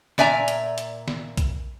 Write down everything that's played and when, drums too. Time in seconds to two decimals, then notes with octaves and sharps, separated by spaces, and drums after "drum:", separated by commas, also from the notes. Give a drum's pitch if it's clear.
0.18 A#2 D5 E5 G#5 A#5, drum: snare
0.48 drum: hi-hat
0.78 drum: hi-hat
1.08 drum: snare
1.37 drum: kick A#1, hi-hat